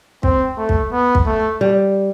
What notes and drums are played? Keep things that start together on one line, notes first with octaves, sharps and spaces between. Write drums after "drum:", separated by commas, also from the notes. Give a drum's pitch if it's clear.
C4, drum: kick
A3
drum: kick
B3
drum: kick
A3
G3